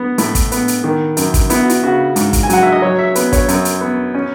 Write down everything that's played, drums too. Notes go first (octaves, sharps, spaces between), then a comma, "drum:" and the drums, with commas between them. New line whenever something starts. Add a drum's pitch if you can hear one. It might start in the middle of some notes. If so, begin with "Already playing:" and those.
Already playing: B3
A2 E4, drum: hi-hat
drum: kick, hi-hat
B3, drum: hi-hat
drum: hi-hat
D#3
F#2, drum: hi-hat
drum: kick, hi-hat
B3 E4, drum: hi-hat
F#4
E4, drum: hi-hat
C#3 F#4
G#2, drum: hi-hat
drum: kick, hi-hat
G#5
F#3 F#5, drum: hi-hat
E5
D#5
F#3 C#5
E5
B3 B4, drum: hi-hat
C#5, drum: kick, hi-hat
F#2, drum: hi-hat
drum: hi-hat
B3
C#4